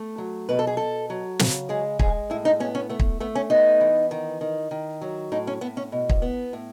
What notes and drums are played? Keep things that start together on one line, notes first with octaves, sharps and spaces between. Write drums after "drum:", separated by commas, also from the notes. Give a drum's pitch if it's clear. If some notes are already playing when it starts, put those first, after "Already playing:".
Already playing: A3
F#3
B2 B4
A4
G#4
B2 A4
F#3
C#3, drum: snare
G#3 G#4
G#3 G#4, drum: kick
A2 E4
D#4
B3 C#4
C#4
A3 B3
drum: kick
A3 B3
C#4
B3 D#4
E3
D#3
D#3
D#3
F#3
A2 D#4
C#4
A2 B3
C#4
B2
drum: kick
B3
A2